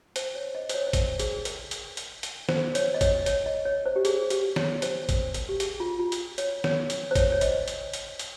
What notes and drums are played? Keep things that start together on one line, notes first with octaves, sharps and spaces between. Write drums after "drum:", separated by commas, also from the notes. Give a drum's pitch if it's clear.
C5, drum: hi-hat
C#5
D#5
C5, drum: hi-hat
C#5
C5
A#4, drum: kick, hi-hat
G#4, drum: hi-hat
A#4, drum: hi-hat
drum: hi-hat
drum: hi-hat
drum: hi-hat
C5, drum: snare
C#5, drum: hi-hat
D#5
C#5, drum: kick, hi-hat
C#5, drum: hi-hat
D#5
C#5
C5
G4
G#4, drum: hi-hat
G4, drum: hi-hat
C#5, drum: snare
C5, drum: hi-hat
A#4, drum: kick, hi-hat
A#4, drum: hi-hat
G4
G#4, drum: hi-hat
F4
F4
drum: hi-hat
C#5, drum: hi-hat
C#5, drum: snare
drum: hi-hat
C5
C#5, drum: kick, hi-hat
C#5
D#5, drum: hi-hat
drum: hi-hat
drum: hi-hat
drum: hi-hat